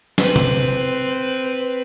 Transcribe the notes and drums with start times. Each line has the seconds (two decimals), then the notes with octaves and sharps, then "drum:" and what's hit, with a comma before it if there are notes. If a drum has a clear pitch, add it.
0.18 C4 B4, drum: snare
0.36 drum: tom C3